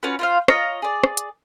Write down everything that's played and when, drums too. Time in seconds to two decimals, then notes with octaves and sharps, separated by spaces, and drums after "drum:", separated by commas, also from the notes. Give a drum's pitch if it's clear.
0.03 C#4 F4 F#4 B4
0.19 F4 C5 F5
0.48 F4 C#5 D#5 A#5, drum: rim click
0.82 G#4 D5
1.04 drum: rim click
1.17 drum: hi-hat